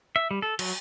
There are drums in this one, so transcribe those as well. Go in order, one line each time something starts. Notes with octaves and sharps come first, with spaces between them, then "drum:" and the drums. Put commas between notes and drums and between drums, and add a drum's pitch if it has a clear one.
E5
G3
A4
F#3, drum: cymbal